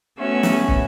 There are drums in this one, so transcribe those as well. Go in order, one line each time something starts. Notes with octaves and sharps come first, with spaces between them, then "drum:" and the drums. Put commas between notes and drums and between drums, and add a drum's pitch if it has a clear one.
A3 B3 C#4 F#4 E5
drum: snare
drum: kick